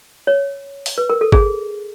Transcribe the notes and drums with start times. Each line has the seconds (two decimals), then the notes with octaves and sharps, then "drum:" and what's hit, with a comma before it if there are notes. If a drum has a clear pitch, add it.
0.27 C#5
0.86 drum: open hi-hat
0.98 B4
1.10 A#4
1.21 A4
1.32 G#4, drum: kick G#1